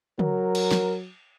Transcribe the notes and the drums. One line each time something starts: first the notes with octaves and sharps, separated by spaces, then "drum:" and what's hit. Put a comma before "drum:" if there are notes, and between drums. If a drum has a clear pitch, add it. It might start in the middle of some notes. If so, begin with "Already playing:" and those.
F#3 A#4, drum: tom
drum: cymbal
drum: snare